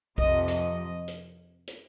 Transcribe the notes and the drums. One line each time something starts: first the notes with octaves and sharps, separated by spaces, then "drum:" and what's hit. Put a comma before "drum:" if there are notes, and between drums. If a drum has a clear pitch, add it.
F2 C3 F3 D#5, drum: kick B1
D#5, drum: hi-hat
drum: hi-hat
drum: hi-hat